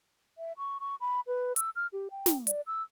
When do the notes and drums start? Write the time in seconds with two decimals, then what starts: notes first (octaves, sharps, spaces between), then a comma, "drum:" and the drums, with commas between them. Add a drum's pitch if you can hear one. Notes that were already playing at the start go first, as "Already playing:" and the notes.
0.38 E5
0.58 C#6
0.80 C#6
1.01 B5
1.27 B4
1.56 E6, drum: hi-hat
1.76 F6
1.93 G4
2.11 G5
2.26 drum: snare
2.47 D5, drum: hi-hat
2.67 E6